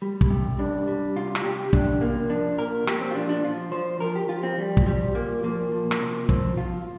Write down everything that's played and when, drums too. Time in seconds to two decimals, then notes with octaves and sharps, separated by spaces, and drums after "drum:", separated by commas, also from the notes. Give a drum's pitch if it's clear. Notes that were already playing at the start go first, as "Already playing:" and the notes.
0.02 G3
0.21 drum: kick
0.30 C3
0.59 G3 D4
0.87 G3
1.16 C3 F4
1.35 drum: rim click
1.45 C3 G4
1.73 C3 D4, drum: kick
2.01 C3 A#3
2.29 F3 D4
2.58 A#2 A#4
2.87 A#2 G4, drum: rim click
3.01 C4
3.11 F4
3.15 F3 D4
3.29 D4
3.44 F3 F4
3.72 F3 C5
4.00 F3 A#4
4.15 G4
4.29 F3 F4
4.43 C4
4.57 F3 G3
4.77 drum: kick
4.86 F3 G3
5.14 A#2 A#3
5.44 F3 A#3
5.72 F3
5.91 drum: rim click
6.00 C3
6.29 F3 C4, drum: kick
6.57 F3 F4